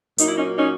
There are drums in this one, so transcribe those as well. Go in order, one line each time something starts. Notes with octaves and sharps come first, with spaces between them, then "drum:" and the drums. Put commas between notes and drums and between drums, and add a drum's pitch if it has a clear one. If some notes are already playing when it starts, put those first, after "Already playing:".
A#2 F#3 A#3 D#4, drum: hi-hat
E4
C#4 D#4
C#4 D#4